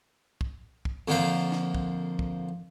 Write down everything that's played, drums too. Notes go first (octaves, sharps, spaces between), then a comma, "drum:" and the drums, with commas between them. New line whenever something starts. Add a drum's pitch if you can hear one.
drum: kick
drum: kick
F2 D3 F3 A#3 C5
drum: snare
drum: kick
drum: kick